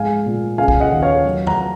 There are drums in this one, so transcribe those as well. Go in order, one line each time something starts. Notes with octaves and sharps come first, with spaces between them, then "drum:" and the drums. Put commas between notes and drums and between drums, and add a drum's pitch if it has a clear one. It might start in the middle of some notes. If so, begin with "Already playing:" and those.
Already playing: G#2 F3 G#3 F5 G#5
A#2
C#3 F5 G#5
drum: kick
D#5 F#5
D#2
C#5 F5
F#3
F#5 A#5, drum: tom E2